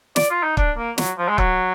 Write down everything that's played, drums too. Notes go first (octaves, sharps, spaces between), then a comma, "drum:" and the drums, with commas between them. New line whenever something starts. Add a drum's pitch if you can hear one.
D5, drum: snare
F4
D#4
D4, drum: kick
A#3
F#3, drum: snare
F3
G#3
F#3, drum: kick